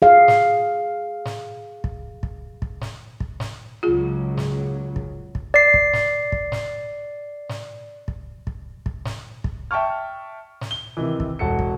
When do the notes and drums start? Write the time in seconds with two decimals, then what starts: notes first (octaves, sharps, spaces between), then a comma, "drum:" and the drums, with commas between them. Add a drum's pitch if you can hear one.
0.02 G#4 F5
0.28 drum: snare
1.25 drum: snare
1.84 drum: kick
2.23 drum: kick
2.62 drum: kick
2.81 drum: snare
3.20 drum: kick
3.40 drum: snare
3.83 C#2 C#3 F#3 F4 G#4
4.37 drum: snare
4.96 drum: kick
5.35 drum: kick
5.54 D5 C7
5.74 drum: kick
5.93 drum: snare
6.32 drum: kick
6.52 drum: snare
7.49 drum: snare
8.08 drum: kick
8.47 drum: kick
8.86 drum: kick
9.05 drum: snare
9.44 drum: kick
9.71 E5 G5 A5 C#6 F6
10.61 drum: snare
10.71 G7
10.97 C3 D#3 E3
11.20 drum: kick
11.39 E1 F#4 A4 C#7
11.59 drum: kick